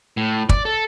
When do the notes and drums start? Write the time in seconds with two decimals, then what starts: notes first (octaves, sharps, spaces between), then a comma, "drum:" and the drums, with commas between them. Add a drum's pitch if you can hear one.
0.17 A2
0.49 D5, drum: kick
0.65 A4